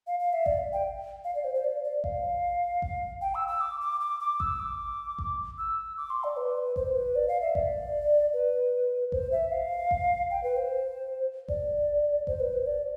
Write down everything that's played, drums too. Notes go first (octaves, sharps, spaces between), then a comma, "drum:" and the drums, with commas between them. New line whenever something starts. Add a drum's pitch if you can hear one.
F5
F5
E5
D5, drum: kick G#1
G5
F5
D5
C5
C5
D5
D5
F5, drum: kick G#1
drum: kick G#1
G5
E6
E6
D6
D6
D6
D6
E6, drum: kick G#1
D6
drum: kick G#1
E6
D6
C6
D5
B4
C5, drum: kick G#1
B4
D5
F5
E5
D5, drum: kick G#1
B4
C5, drum: kick G#1
E5
F5
drum: kick G#1
G5
B4
C5
D5, drum: kick G#1
C5, drum: kick G#1
B4
C5
D5